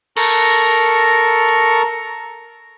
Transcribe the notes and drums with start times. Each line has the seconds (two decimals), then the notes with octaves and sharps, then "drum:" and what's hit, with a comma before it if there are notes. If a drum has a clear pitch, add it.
0.17 A4 A#4 A#5 C#6, drum: cymbal
1.48 drum: hi-hat